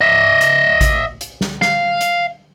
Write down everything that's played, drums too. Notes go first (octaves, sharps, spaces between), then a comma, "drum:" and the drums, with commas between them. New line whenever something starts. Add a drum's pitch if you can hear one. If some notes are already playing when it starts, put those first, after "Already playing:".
D#5 E5
drum: hi-hat
drum: kick A1, hi-hat
drum: hi-hat
drum: snare
F5, drum: snare
drum: hi-hat